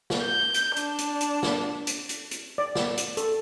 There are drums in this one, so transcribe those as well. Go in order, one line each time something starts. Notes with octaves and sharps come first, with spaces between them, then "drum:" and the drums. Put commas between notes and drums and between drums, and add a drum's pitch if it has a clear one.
drum: snare
G6
drum: hi-hat
D4, drum: hi-hat
drum: hi-hat
drum: hi-hat
drum: snare
drum: hi-hat
drum: hi-hat
drum: hi-hat
D5
drum: snare
drum: hi-hat
A4, drum: hi-hat